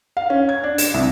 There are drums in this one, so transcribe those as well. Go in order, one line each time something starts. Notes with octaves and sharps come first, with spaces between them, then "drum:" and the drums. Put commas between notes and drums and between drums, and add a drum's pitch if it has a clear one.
F5
C#4
G#6
D4
E7, drum: hi-hat
C2